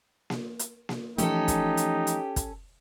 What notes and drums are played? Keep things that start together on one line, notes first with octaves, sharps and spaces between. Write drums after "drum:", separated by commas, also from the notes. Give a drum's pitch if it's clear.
drum: snare A#3
drum: hi-hat
drum: snare A#3
E3 F3 A3 C#4 D#4 G4 A4, drum: hi-hat
drum: kick, hi-hat
drum: hi-hat
drum: hi-hat
drum: kick, hi-hat